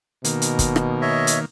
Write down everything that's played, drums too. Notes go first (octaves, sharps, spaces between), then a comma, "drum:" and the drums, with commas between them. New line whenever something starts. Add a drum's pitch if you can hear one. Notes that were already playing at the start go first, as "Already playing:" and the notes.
B2 D#3 A#3, drum: hi-hat
drum: hi-hat
drum: kick, hi-hat
drum: rim click
C#5 D#5 E5
drum: hi-hat